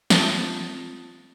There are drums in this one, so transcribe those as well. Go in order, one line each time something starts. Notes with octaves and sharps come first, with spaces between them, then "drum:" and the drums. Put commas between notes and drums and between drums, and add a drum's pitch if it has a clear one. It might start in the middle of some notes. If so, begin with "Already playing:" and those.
C4 F4 A5 D#6 A6, drum: snare